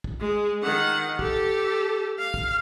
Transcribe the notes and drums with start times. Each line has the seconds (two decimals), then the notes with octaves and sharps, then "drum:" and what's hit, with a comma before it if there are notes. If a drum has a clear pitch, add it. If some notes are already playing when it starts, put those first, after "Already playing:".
0.04 drum: kick
0.20 G#3
0.63 D#3 F#5
1.19 G4 A4, drum: kick
2.19 F5
2.34 drum: kick